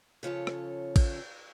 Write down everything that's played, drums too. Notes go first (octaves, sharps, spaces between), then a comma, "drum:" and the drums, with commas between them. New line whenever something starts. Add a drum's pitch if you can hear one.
C#3 F3 A4 C#5
drum: rim click
drum: kick, cymbal